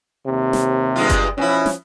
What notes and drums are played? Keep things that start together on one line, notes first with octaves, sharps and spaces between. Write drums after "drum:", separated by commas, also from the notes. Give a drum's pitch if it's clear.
D#2 C3
drum: snare
G2 G#3 F4
drum: kick F#1, hi-hat
B2 F3 C#4 E4
drum: snare